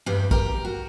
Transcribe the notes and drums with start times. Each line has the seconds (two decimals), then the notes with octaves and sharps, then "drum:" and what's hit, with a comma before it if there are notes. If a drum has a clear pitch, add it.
0.06 E2 G2 G3
0.31 G4 A#4, drum: kick A#1
0.65 F#4